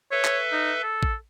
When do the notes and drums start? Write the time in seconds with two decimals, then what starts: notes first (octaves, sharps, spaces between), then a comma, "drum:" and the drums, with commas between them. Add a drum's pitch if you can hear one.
0.11 A4 B4 C#5 E5
0.24 drum: clap
0.52 D#4
0.83 A4
1.03 drum: kick